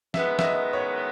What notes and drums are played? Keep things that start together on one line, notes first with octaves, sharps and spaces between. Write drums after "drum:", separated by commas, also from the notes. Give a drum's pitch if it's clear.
F#2 D#3 G#3 B3 E5, drum: snare
E5, drum: snare
D#5
C#5